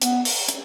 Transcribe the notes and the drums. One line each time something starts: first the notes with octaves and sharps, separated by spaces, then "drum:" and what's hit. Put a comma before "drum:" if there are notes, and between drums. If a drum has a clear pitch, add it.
B3, drum: hi-hat
drum: open hi-hat
drum: hi-hat